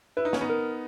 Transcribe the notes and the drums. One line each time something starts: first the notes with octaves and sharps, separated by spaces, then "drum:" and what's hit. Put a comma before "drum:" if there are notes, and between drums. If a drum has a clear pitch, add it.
E4 B4
D#4
C#4, drum: snare
B3 D#4
A#4